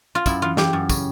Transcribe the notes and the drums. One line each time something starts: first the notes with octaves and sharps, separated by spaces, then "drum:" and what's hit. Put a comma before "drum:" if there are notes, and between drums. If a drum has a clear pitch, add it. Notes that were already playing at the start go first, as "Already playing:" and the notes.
F4
F#2 E4, drum: kick, tambourine
E3 F4
E3 G4, drum: snare
F#2
C#3, drum: kick, tambourine